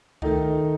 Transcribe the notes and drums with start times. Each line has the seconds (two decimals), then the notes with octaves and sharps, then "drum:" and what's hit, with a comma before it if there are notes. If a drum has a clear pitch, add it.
0.22 D#3 A3 D#4, drum: kick C#2